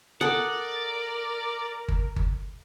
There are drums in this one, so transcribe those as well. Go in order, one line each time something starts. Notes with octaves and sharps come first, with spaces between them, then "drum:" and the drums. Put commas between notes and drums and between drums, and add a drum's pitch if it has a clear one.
A4 A#4 D5 F#5 D#6
drum: kick G1
drum: kick G1